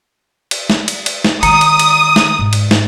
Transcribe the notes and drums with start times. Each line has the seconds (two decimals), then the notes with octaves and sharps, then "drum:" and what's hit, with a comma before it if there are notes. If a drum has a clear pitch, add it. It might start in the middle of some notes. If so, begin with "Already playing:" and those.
0.51 drum: cymbal
0.70 drum: snare
0.88 drum: cymbal
1.06 drum: cymbal
1.25 drum: snare
1.43 D#3 G#3 A#5 D#6 C#7, drum: cymbal
1.61 drum: cymbal
1.79 drum: cymbal
2.16 drum: snare
2.39 G#2
2.53 drum: cymbal
2.71 drum: snare